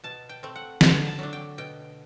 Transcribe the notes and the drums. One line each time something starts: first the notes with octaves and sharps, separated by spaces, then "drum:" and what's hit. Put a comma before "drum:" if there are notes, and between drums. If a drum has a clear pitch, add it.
B2 A5
G5
A3 C4
F#5
D3 F#5, drum: snare
A5
F#3 A3 D4
G5
B2 G5